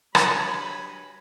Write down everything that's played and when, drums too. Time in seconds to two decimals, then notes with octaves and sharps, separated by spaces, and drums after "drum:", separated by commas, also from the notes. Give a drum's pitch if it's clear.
0.15 G2 F#3 G#5 B5, drum: rim click